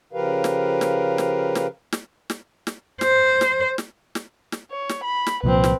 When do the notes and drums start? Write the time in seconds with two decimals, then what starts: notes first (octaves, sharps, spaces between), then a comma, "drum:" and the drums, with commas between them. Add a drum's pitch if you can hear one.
0.13 C#3 F3 G4 A#4 B4 F5
0.44 drum: snare
0.81 drum: snare
1.18 drum: snare
1.55 drum: snare
1.92 drum: snare
2.30 drum: snare
2.67 drum: snare
3.01 C5, drum: snare
3.41 drum: snare
3.78 drum: snare
4.15 drum: snare
4.52 drum: snare
4.71 C#5
4.89 drum: snare
5.04 B5
5.27 drum: snare
5.44 C2 A#2 F3 C4 B4
5.64 drum: snare